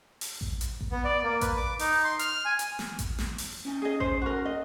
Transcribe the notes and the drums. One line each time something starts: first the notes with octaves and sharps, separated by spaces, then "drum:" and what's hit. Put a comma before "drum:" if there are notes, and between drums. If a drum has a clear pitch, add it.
drum: open hi-hat
drum: kick A1
drum: hi-hat
drum: kick A1
B3
D5
A#3
B4, drum: kick A1, hi-hat
D6
D#4, drum: open hi-hat
C6
F6, drum: hi-hat
G#5
drum: hi-hat
drum: snare
drum: kick A1, hi-hat
drum: snare
drum: open hi-hat
C#4 D#4 G#5
G#4 D#5
C5, drum: kick A1
F#4 A#4
D#5